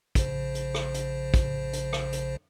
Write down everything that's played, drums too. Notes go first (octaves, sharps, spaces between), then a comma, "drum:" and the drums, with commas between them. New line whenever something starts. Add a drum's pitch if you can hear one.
A#1 C#3 C5, drum: kick, hi-hat
drum: hi-hat
drum: rim click
drum: hi-hat
drum: kick, hi-hat
drum: hi-hat
drum: rim click
drum: hi-hat